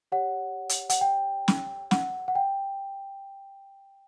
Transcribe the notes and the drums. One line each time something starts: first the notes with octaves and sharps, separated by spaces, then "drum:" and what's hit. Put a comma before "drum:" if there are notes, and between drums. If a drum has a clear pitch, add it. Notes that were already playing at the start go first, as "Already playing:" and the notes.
G4 C#5 F#5
drum: hi-hat
F#5, drum: hi-hat
G5
drum: snare
F#5, drum: snare
F#5
G5